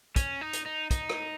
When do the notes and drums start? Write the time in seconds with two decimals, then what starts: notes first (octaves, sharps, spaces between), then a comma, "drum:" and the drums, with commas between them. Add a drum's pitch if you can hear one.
0.16 C#4, drum: kick, hi-hat
0.41 D#4
0.53 drum: hi-hat
0.66 D#4
0.91 D#4, drum: kick, hi-hat
1.09 drum: rim click